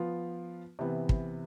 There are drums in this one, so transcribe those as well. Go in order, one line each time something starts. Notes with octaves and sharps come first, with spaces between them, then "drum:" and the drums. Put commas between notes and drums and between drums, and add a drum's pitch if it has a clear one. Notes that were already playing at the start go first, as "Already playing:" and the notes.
Already playing: F3 B3 F4
C3 E3 B3
drum: kick